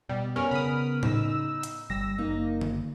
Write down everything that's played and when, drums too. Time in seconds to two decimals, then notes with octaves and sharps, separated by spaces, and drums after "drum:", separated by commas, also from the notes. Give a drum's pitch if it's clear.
0.09 B2 G3
0.36 B3 C#4 A#4 F6
0.51 C#3 B5 D#6
1.03 D#4 E6, drum: tom A2
1.63 drum: hi-hat
1.90 G1 G3 E6 A#6
2.18 F#1 A#3 D#4
2.61 drum: tom D3